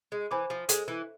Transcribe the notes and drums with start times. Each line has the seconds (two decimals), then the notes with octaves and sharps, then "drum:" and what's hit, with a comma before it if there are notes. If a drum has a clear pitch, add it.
0.12 G#3
0.31 E3 C5 G#5 B5 D6
0.50 F3
0.69 G#3 A4, drum: hi-hat
0.88 E3